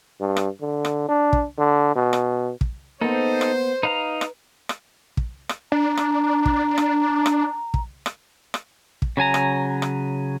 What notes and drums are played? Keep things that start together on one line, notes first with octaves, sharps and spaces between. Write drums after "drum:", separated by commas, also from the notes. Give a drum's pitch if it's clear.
G2
drum: rim click
D3
drum: rim click
D4
drum: kick
D3
B2
drum: rim click
drum: kick
A#3 B3 D#4 A4 C5
drum: rim click
D#4 B4 F5 A#5
drum: rim click
drum: rim click
drum: kick
drum: rim click
D4 A#5
drum: rim click
drum: kick
drum: rim click
drum: rim click
drum: kick
drum: rim click
drum: rim click
drum: kick
C#3 F#3 G#5 A#5
drum: rim click
drum: rim click